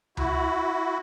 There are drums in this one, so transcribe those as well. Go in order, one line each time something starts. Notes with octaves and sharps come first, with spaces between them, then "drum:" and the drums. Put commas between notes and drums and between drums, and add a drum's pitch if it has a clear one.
E4 F#4, drum: tom C#2